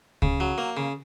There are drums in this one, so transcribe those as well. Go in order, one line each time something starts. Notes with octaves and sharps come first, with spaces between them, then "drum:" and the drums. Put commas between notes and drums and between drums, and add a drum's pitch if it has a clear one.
C#3, drum: kick C#2
F#3
A#3
C#3